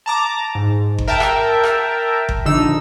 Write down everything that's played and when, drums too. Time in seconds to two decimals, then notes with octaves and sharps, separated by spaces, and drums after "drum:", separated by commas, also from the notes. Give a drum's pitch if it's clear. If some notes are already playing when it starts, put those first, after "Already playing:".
0.06 A5 A#5 D6
0.55 G#2
0.98 drum: kick G1
1.07 A#4 E5 G5 A5
1.20 drum: rim click
1.64 drum: rim click
2.29 drum: kick G1
2.45 A#1 D3 D#4 E6